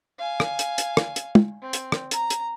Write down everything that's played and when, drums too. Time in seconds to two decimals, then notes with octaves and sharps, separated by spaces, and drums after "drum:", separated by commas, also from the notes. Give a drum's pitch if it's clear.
0.18 F5 G#5
0.40 drum: rim click
0.59 drum: hi-hat
0.78 drum: hi-hat
0.97 drum: rim click
1.16 drum: hi-hat
1.35 drum: tom
1.62 C4
1.73 drum: hi-hat
1.92 drum: rim click
2.11 A#5, drum: hi-hat
2.30 drum: hi-hat